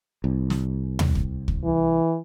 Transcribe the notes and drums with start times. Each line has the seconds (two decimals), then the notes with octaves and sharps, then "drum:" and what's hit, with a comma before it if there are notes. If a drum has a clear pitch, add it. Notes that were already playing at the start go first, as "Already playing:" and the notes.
0.24 C2
0.50 drum: snare
0.99 drum: tom D#2
1.15 drum: kick
1.48 drum: kick
1.64 E3